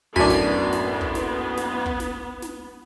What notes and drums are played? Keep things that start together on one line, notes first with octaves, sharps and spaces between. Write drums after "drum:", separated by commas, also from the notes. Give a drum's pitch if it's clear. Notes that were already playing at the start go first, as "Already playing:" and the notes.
F#2 A2 B3 D4 F#4 A#4 G#5, drum: kick
drum: snare
drum: snare
drum: kick
drum: snare
drum: snare
drum: kick
drum: snare
drum: snare